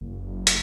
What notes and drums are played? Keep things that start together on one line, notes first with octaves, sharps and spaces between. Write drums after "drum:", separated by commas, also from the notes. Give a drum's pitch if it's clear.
F#1
drum: hi-hat